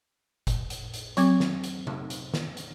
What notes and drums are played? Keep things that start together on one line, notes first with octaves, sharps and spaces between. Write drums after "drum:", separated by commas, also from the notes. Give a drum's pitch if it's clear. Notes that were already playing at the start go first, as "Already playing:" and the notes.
drum: kick F#1, hi-hat
drum: hi-hat
drum: hi-hat
F#3 C4 D6, drum: hi-hat
drum: snare
drum: hi-hat
drum: tom C3
drum: hi-hat
drum: snare
drum: hi-hat